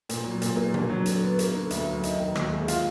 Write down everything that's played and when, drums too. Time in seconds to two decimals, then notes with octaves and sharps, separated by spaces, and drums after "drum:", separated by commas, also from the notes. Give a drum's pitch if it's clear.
0.09 A#2, drum: hi-hat
0.25 F#3
0.42 A#2, drum: hi-hat
0.57 A#3
0.74 D4, drum: tom B2
0.90 F#3
1.06 D3, drum: hi-hat
1.23 B3
1.39 A#3, drum: hi-hat
1.54 D3
1.70 D2, drum: hi-hat
1.87 F#3
2.03 D#4, drum: hi-hat
2.19 D#3
2.35 D#2, drum: rim click
2.52 G#3
2.68 F4, drum: hi-hat